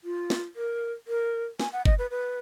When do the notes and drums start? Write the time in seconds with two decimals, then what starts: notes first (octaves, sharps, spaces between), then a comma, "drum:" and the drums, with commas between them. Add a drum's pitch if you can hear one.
0.04 F4
0.30 drum: snare
0.56 A#4
1.08 A#4
1.60 G#5, drum: snare
1.73 F#5
1.85 D#5, drum: kick
1.99 B4
2.11 B4